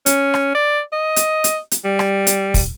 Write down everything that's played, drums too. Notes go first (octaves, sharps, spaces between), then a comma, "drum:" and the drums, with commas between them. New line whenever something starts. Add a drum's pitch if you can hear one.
C#4, drum: hi-hat
drum: rim click
D5
D#5
drum: hi-hat
drum: hi-hat
drum: hi-hat
G3
drum: rim click
drum: hi-hat
drum: kick, open hi-hat